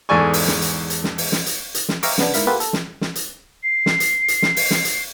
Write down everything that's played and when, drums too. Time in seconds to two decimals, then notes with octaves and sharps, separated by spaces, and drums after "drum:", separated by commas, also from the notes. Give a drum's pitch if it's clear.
0.09 E2 G#2 A4 D5 G#5 C#6
0.33 drum: open hi-hat
0.48 drum: snare
0.62 drum: hi-hat
0.90 drum: hi-hat
1.04 drum: snare
1.18 drum: open hi-hat
1.32 drum: snare
1.46 drum: hi-hat
1.74 drum: hi-hat
1.89 drum: snare
2.03 E5 F5 G5 A#5 C#6 D6, drum: open hi-hat
2.18 C#3 B3 D4, drum: snare
2.34 G#2 A#3 E4 F5 B6, drum: hi-hat
2.47 A#3 B3 F4 G4 A4 B4
2.60 A4, drum: hi-hat
2.73 drum: snare
3.01 drum: snare
3.15 drum: hi-hat
3.63 C7
3.86 drum: snare
4.00 drum: hi-hat
4.28 drum: hi-hat
4.42 drum: snare
4.56 drum: open hi-hat
4.71 drum: snare
4.85 drum: hi-hat